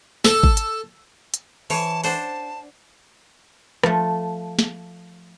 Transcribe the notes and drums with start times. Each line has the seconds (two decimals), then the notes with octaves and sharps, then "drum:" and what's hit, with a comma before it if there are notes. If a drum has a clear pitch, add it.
0.25 A4, drum: snare
0.43 drum: kick G#1
0.57 drum: hi-hat
1.34 drum: hi-hat
1.70 E3 C#5 A5, drum: open hi-hat
2.04 D4 C5 F#5 A5, drum: open hi-hat
3.83 F3 A3, drum: rim click
4.59 drum: snare